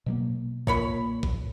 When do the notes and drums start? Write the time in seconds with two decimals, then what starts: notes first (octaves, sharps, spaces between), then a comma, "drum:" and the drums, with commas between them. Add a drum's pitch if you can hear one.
0.06 B2 F#3 A#3
0.67 A#2 A#4 C#5 B5, drum: kick
1.23 drum: kick